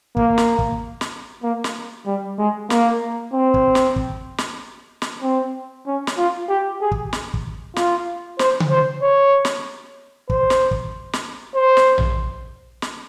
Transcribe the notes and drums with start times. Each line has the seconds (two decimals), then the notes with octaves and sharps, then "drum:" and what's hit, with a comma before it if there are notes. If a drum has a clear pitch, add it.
0.17 A#3, drum: kick
0.38 drum: snare
0.59 drum: kick
1.01 drum: snare
1.43 A#3
1.64 drum: snare
2.06 G3
2.39 G#3
2.70 A#3, drum: snare
3.33 C4
3.54 drum: kick
3.75 drum: snare
3.96 drum: kick
4.38 drum: snare
5.02 drum: snare
5.22 C4
5.87 C#4
6.07 drum: snare
6.18 F4
6.49 G4
6.82 G#4
6.92 drum: kick
7.13 drum: snare
7.34 drum: kick
7.76 F4, drum: snare
8.39 C5, drum: snare
8.60 drum: tom C#3
8.70 C5
9.02 C#5
9.45 drum: snare
10.30 C5, drum: kick
10.50 drum: snare
10.71 drum: kick
11.13 drum: snare
11.55 C5
11.77 drum: snare
11.98 drum: tom A#1
12.82 drum: snare